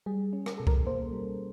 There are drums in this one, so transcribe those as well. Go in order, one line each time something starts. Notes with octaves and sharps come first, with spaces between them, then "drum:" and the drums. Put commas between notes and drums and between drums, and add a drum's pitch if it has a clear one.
G3 G#4
C#4
A#4, drum: rim click
B2 A4
A#4, drum: kick C2
A#3 C5
G3